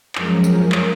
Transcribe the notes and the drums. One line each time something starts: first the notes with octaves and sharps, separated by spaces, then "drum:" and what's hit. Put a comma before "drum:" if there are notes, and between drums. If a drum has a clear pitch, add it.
F#2 F3 G#3 C#4 A#4, drum: clap
drum: tambourine
drum: clap